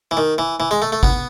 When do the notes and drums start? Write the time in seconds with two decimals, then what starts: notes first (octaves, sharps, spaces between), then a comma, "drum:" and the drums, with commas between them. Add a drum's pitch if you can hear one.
0.11 E3
0.17 D#3
0.38 E3
0.60 E3
0.71 G#3
0.82 A3
0.92 A3
1.03 B3, drum: kick G#1